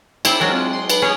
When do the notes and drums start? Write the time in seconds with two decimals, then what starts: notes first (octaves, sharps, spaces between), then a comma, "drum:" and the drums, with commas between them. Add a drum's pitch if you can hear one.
0.25 C4 E4 G4 E5, drum: cymbal
0.40 F#3 G#3 D4 A#4
0.52 C4 F4
0.73 C6
0.90 B4, drum: cymbal
1.02 C#4 G#4 C#5